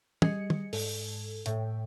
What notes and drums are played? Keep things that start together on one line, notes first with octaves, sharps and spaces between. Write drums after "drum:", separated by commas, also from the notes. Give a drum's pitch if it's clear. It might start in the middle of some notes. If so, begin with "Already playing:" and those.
G3 G#4 D#5 C#7, drum: tom
drum: tom
G#2 A4, drum: open hi-hat
A2 E5 G5, drum: hi-hat